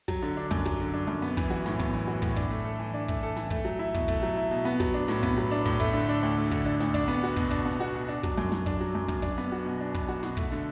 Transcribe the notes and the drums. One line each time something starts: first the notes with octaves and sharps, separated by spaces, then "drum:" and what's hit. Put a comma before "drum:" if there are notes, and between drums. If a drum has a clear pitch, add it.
F#3, drum: kick
D3
D4
F#2, drum: kick
F#3, drum: kick
D3
D4
F#2
B3
E3, drum: kick
F#4
A2, drum: snare
B3, drum: kick
E3
F#4
A2, drum: kick
D4, drum: kick
A3
A4
E3
D4
A3, drum: kick
A4
E3, drum: snare
A3, drum: kick
F#3
E4
B2, drum: kick
A3, drum: kick
F#3
E4
B2
B3
F#3, drum: kick
D4
A2, drum: snare
B3, drum: kick
F#3
D4
A2, drum: kick
A3, drum: kick
D3
D4
D2
A3
D3, drum: kick
D4
D2, drum: snare
D4, drum: kick
B3
F#4
B2, drum: kick
D4, drum: kick
B3
F#4
B2
D4
F#3, drum: kick
F#2
F#2, drum: snare
D4, drum: kick
F#3
F#2
F#2, drum: kick
D4, drum: kick
B3
F#4
B2
D4
B3, drum: kick
F#4
B2, drum: snare
A3, drum: kick
D3